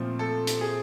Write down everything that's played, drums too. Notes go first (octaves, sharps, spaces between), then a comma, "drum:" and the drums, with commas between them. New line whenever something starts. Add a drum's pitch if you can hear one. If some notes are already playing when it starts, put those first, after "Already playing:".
Already playing: A#2 F3 A3 C4
A4
drum: hi-hat
G#4